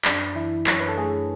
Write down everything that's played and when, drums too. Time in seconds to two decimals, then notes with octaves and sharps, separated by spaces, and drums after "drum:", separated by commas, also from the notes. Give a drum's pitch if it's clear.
0.05 F#2 D4, drum: clap
0.35 E3 E4
0.67 F#2 C#5, drum: clap
0.80 B4
0.88 A4
0.97 A3 G#4